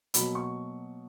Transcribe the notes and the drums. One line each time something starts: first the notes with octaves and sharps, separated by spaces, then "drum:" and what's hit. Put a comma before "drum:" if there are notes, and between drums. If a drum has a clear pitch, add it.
B2 F#3 A#3 B5, drum: hi-hat
C#6